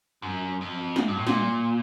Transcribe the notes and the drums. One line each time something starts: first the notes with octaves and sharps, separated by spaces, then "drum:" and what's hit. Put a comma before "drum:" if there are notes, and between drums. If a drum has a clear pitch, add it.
F#2
F2
drum: snare
G2
A2
A#2, drum: snare